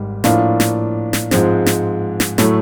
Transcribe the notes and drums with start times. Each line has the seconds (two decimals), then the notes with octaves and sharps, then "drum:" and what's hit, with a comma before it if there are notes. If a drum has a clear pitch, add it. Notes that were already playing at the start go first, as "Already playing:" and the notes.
Already playing: G#1 G#2 G3
0.24 A2 F3 A#3 D4 F4, drum: snare
0.60 drum: snare
1.13 drum: snare
1.31 G#2 F3 G#3 C4, drum: snare
1.66 drum: snare
2.20 drum: snare
2.38 A2 F#3 A3, drum: snare